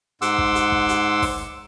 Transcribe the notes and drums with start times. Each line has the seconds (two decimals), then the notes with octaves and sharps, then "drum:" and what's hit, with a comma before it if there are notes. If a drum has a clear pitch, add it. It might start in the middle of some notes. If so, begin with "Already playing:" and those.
0.22 G#2 F#5 C6 D6 E6, drum: hi-hat
0.38 drum: kick
0.55 drum: hi-hat
0.72 drum: kick
0.89 drum: hi-hat
1.22 drum: kick, open hi-hat